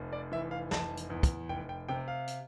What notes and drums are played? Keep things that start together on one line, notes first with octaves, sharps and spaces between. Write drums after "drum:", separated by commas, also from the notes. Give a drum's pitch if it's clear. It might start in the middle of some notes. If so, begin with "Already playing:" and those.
Already playing: F1 F2
D5
E3 E5
F5
F1 A5, drum: snare
drum: hi-hat
E2
drum: kick, hi-hat
F1 G5
G5
C3 G5
F5
drum: hi-hat